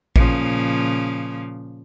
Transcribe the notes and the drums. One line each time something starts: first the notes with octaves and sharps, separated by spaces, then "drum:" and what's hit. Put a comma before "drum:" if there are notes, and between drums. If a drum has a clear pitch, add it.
A#2 C#3 F3, drum: kick A1